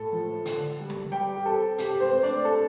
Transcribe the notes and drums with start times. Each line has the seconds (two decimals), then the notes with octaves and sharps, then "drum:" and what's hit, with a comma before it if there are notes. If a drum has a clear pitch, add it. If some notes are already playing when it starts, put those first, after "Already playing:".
Already playing: A2 A4
0.13 F3
0.45 D3, drum: hi-hat
0.79 G3
0.90 drum: snare
1.11 G3 G4 G5
1.37 G4
1.45 C4 A4
1.78 C3 G4, drum: hi-hat
2.00 C4 C5
2.11 A3
2.23 D4 D5, drum: open hi-hat
2.45 A4